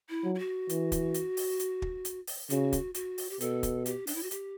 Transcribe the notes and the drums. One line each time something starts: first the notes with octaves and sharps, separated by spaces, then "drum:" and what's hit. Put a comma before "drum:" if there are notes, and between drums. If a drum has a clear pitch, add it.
E4
F#3
E4
F#4
E3, drum: hi-hat
drum: kick, hi-hat
drum: hi-hat
drum: open hi-hat
drum: hi-hat
drum: kick
drum: hi-hat
drum: open hi-hat
C#3 F#4, drum: hi-hat
drum: kick, hi-hat
F#4, drum: hi-hat
drum: open hi-hat
G4
B2 A4, drum: hi-hat
drum: kick, hi-hat
G4, drum: hi-hat
D4, drum: open hi-hat
E4
F#4
G4, drum: hi-hat